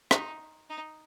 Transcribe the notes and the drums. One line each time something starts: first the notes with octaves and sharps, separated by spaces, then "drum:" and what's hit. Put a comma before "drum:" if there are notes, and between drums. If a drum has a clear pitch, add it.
D#4, drum: rim click
D#4